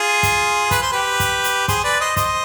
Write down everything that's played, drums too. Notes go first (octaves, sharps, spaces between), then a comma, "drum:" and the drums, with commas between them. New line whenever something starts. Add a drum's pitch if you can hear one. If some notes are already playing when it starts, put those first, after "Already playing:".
Already playing: F4 G#4
drum: kick, hi-hat
B4, drum: kick, hi-hat
C5
G4 B4
drum: kick, hi-hat
drum: hi-hat
G#4 C5, drum: kick, hi-hat
B4 D5
C5 D#5
C5 D#5, drum: kick, hi-hat